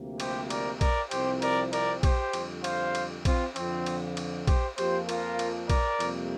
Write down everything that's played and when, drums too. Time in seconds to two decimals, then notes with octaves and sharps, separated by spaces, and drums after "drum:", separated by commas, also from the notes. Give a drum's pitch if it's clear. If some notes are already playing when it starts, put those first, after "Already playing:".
Already playing: D2 C3 F3 A#3
0.20 G4 C5, drum: cymbal
0.50 A#4 D5, drum: cymbal
0.81 A#4 D5, drum: kick A#1, cymbal
1.11 C2 C3 F3 C4 G4 C5, drum: cymbal
1.42 A#4 D5, drum: cymbal
1.73 A#4 D5, drum: cymbal
2.03 G4 C5, drum: kick A#1, cymbal
2.33 F2 D3 G3, drum: cymbal
2.64 C5 F5, drum: cymbal
2.95 drum: cymbal
3.25 C4 F4, drum: kick A#1, cymbal
3.56 F2 D3 F3 C4, drum: cymbal
3.86 drum: cymbal
4.17 drum: cymbal
4.47 G4 C5, drum: kick A#1, cymbal
4.78 F2 F3 A#3 G4 C5, drum: cymbal
5.09 F4 A#4, drum: cymbal
5.39 drum: cymbal
5.69 A#4 D5, drum: kick A#1, cymbal
6.00 F2 C3 G3 A#3, drum: cymbal